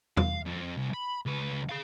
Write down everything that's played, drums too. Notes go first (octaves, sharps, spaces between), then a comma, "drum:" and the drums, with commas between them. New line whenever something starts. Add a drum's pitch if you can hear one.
F5, drum: tom E2
F2
C2
B5
C#2 B4
G#4 F5